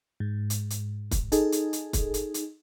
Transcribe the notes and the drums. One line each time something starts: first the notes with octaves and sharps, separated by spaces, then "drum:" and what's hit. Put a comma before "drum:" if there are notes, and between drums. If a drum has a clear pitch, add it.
G#2
drum: hi-hat
drum: hi-hat
drum: kick, hi-hat
D#4 G#4 A4, drum: hi-hat
drum: hi-hat
drum: hi-hat
drum: kick, hi-hat
drum: hi-hat
drum: hi-hat